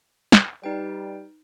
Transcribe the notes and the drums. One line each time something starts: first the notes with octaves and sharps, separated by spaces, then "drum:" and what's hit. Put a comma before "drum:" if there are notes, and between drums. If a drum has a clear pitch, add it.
drum: snare
G3 D#4 B4 G5